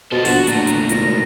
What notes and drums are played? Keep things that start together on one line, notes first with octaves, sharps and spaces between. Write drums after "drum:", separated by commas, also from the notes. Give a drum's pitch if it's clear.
B2 A4 C5 A5
A#1 F#4, drum: open hi-hat
G1 A#2 A3 A#5, drum: hi-hat
drum: hi-hat
G#1 A#6, drum: hi-hat